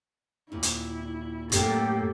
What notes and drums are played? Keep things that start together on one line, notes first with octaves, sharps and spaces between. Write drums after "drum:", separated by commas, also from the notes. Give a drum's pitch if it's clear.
D#2 A#2 E4
drum: hi-hat
F#2 A2 A#3 G4 A4, drum: hi-hat